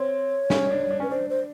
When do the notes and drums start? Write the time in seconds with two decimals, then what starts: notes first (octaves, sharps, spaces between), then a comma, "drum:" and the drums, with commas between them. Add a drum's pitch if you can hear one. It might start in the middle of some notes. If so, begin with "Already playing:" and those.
Already playing: C4 C#5
0.50 C#4, drum: snare
0.71 D4
0.91 D4
1.00 C#4 B4
1.10 D4 C5
1.30 C5